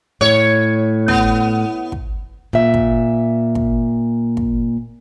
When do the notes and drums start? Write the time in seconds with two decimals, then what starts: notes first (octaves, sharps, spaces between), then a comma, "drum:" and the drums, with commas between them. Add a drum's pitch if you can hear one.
0.21 A2 C#5
1.08 B3, drum: kick
1.92 drum: kick
2.53 A#2 E5
2.74 drum: kick
3.55 drum: kick
4.37 drum: kick